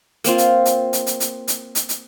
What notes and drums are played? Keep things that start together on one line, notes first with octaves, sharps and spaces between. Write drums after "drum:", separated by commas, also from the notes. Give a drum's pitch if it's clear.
A#3 C4 F4, drum: hi-hat
drum: hi-hat
drum: hi-hat
drum: hi-hat
drum: hi-hat
drum: hi-hat
drum: hi-hat
drum: hi-hat
drum: hi-hat